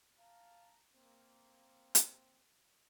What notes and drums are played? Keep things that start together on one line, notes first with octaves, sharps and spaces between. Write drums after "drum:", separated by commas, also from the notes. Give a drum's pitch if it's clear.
F5 A5 A#5
A#3 C4
drum: hi-hat